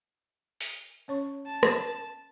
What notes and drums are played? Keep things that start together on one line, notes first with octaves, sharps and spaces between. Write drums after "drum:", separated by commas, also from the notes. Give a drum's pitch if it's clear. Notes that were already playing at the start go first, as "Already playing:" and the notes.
drum: open hi-hat
C#4 C#5 C#6
A5
drum: rim click